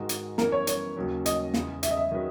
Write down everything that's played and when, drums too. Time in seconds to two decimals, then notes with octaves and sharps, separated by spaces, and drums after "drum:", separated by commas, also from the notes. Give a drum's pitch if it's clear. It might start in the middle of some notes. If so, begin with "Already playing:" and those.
Already playing: G#2 D#3 G#3 D#4 F#4
0.09 drum: hi-hat
0.38 F#2 E3 B3 A#4, drum: snare
0.52 C#5
0.67 C#5, drum: hi-hat
0.96 D#2 C#3 F#3 C#4
1.26 D#5, drum: hi-hat
1.54 E2 C#3 G#3, drum: snare
1.83 E5, drum: hi-hat
1.91 D#5
1.97 E5
2.12 D#3 F#3 C#4 G#4 B4